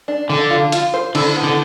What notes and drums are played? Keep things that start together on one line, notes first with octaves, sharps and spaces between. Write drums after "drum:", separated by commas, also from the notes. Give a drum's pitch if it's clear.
D4
D3 F3
F4
F4, drum: hi-hat
C5
D3 E4, drum: cymbal
B3
D3